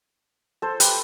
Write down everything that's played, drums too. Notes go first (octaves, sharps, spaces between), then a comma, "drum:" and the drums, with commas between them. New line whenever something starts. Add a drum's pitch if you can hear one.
A4 C5
G4 B4, drum: hi-hat